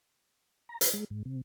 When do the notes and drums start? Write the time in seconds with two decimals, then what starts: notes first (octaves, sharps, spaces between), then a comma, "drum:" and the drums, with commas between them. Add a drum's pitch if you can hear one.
0.69 A#5
0.81 B4, drum: hi-hat
0.93 G#3
1.10 G#2
1.25 C3